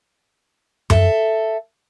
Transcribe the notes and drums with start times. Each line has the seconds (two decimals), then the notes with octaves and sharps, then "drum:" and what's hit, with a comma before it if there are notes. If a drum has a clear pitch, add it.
0.90 A4 E5, drum: tom F#2